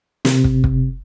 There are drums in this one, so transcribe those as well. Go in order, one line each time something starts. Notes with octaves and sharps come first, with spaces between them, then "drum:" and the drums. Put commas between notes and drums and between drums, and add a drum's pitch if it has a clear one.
C3, drum: snare
drum: kick
drum: kick